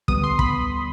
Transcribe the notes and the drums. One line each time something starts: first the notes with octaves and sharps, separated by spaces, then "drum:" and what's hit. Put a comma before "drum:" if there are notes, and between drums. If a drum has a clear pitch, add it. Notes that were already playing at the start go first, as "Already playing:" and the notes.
D2 D3 G3 B3 D#6, drum: kick
C6
B5, drum: kick